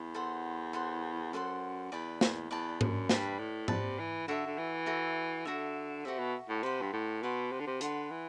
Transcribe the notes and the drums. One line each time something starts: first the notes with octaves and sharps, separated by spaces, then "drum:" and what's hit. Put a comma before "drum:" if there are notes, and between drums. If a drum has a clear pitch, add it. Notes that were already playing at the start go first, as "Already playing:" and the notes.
Already playing: E2
A4 C5 F#5 C6
A4 C5 F#5 C6
F#2 A4 C5 F#5 C6
E2 B4 D5 A5
E2, drum: snare
E2 B4 D5 A5
F#2, drum: tom G#2
G2 B4 D5 A5, drum: snare
A2
C3 B4 D5 A5, drum: tom G#2
E3
D3 F#4 A4 E5
D3
E3
F#4 A4 E5
D3 F#4 A4 E5
C3 F#4 A4 E5
B2
A2
C3 B4 F#5 C6
G2
A2
B2 B4 F#5 C6
C3
D3
C3
D3 B4 F#5 C6, drum: hi-hat
E3